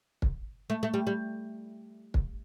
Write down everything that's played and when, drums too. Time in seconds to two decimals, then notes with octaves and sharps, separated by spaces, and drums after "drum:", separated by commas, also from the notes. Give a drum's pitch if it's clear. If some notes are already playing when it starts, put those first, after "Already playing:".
0.22 drum: kick
0.70 A3
0.83 A3
0.94 G3
1.07 G3
2.14 drum: kick